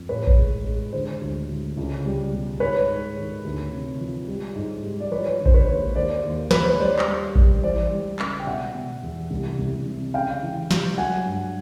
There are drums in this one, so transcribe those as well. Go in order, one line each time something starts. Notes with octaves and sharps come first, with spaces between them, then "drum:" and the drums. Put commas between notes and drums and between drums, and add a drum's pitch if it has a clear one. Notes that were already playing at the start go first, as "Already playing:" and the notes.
Already playing: F2
A2 B4 C#5
drum: kick A1
G#3
G#3
D3 C5
D2
D2
C#2
G3
B2
G#2 B4 C#5
G#2
D#3
D2
C3
F3
G3
G#2
G3
D5
F3 B4 C#5
D3
C5, drum: kick A1
B4 C#5
D#2
D#2 C5 D5
D#2
D#2 B4, drum: snare
C5
C#5
G3 C5 D5
drum: clap
G3
G3, drum: kick A1
E3 C5 D5
G3
C#3, drum: clap
G5
B2 E5 F#5
B2
E2
C2
C2
C3
C#3 F5 G5
E3
G3, drum: snare
F#3 F#5 G#5
G2